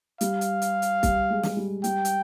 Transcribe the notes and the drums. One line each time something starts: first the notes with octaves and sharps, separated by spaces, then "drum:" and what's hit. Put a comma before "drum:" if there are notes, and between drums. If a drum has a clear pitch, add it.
G3 F5, drum: hi-hat
drum: hi-hat
drum: hi-hat
drum: hi-hat
G3, drum: kick, hi-hat
G#3
drum: snare
G3
G3 G5, drum: hi-hat
drum: hi-hat